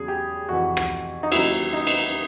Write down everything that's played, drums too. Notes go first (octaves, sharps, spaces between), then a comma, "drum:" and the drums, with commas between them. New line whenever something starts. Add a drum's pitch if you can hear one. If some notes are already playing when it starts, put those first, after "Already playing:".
Already playing: E2 C#3 F#3 G#4
G4
F2 C3 E3 F#4
drum: rim click
D#4
D#2 C#3 F#3 E4, drum: cymbal
D#4
drum: cymbal